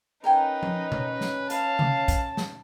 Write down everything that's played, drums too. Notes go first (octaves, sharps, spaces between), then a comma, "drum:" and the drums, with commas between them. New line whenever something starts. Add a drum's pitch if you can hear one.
C#4 D#4 A#4 B4 G5 G#5
drum: tom F3
drum: tom B2
drum: snare
B4 D#5 F5 A5, drum: hi-hat
drum: tom C3
drum: kick, hi-hat
drum: snare